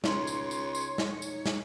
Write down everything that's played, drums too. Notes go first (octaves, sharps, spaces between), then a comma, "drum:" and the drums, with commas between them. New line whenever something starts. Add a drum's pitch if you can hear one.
C#2 D#4 C#5 C6, drum: snare
drum: tambourine
drum: tambourine
drum: tambourine
drum: snare
drum: tambourine
drum: snare